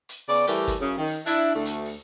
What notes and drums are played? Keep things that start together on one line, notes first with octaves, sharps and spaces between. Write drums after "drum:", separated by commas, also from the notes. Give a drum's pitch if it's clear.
drum: hi-hat
C#3 B3 D5, drum: open hi-hat
E3 G3 A3 G4 A#4, drum: hi-hat
drum: kick, hi-hat
F#2 C#3
D#3
drum: open hi-hat
D4 E4, drum: hi-hat
D2 A3
drum: hi-hat
drum: open hi-hat